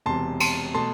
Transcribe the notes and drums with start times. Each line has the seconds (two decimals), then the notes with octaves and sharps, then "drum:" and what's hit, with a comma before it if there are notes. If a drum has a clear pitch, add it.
0.06 E1 E2 C3 A5 C6
0.40 A5 C6, drum: cymbal
0.74 B2 A3 A5 C6